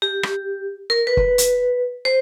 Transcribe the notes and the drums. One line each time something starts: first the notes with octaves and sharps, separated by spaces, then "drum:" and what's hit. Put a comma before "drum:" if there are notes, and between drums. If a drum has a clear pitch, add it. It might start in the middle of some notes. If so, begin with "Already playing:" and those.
G4
drum: rim click
A#4
B4
drum: kick
drum: hi-hat
C5